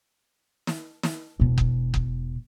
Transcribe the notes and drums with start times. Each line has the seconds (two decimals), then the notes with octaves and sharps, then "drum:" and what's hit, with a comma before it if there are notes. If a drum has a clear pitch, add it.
0.67 drum: snare
1.03 drum: snare
1.40 E1 B2
1.58 drum: kick F#1
1.94 drum: kick F#1